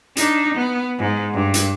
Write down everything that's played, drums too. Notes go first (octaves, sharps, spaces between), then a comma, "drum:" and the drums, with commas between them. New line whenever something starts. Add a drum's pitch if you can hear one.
D4 D#4, drum: hi-hat
B3
G#2
G2
drum: hi-hat